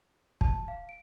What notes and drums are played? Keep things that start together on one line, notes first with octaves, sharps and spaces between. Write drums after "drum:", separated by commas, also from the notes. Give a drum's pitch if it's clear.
A5, drum: kick
F5
D7